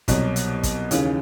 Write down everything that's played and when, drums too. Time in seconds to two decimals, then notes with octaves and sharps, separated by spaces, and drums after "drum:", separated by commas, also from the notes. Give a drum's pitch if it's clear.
0.08 C2 B2 F#3, drum: kick, hi-hat
0.36 drum: hi-hat
0.63 drum: kick, hi-hat
0.91 D#2 C#3 E3, drum: hi-hat